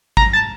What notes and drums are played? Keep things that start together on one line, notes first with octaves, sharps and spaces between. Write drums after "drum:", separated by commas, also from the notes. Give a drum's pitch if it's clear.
A#5, drum: kick
A5